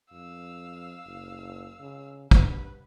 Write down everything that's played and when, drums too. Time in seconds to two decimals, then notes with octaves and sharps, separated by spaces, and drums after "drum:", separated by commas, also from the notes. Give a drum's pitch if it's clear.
0.11 F2 F5 E6
1.05 F#1
1.80 C#3
2.31 G2 B4, drum: kick